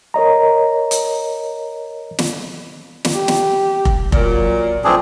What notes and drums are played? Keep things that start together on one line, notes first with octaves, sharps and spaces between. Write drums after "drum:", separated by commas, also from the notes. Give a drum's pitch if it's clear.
A#4 C#5 D#5 A#5
drum: hi-hat
drum: snare
drum: snare
G4
drum: snare
drum: kick F1
A#2 F#3, drum: kick F1
A2 E3 F3 C4 D4 G#4